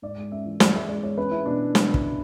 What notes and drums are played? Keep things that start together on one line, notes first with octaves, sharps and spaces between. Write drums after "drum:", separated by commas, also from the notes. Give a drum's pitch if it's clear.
G#2 D5
G#3
C#4 E5
E3
E3 D5, drum: snare
G#3 E5
G#3 D5
E3 C#5
C#4 B4
C#4 E4
B2 D4
drum: snare
drum: kick